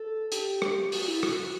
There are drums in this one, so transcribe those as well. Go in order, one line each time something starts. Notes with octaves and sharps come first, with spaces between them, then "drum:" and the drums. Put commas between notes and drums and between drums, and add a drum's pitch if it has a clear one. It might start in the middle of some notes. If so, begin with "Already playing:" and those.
Already playing: A4
G4, drum: hi-hat
drum: rim click
F#4, drum: open hi-hat
E4
F#4, drum: rim click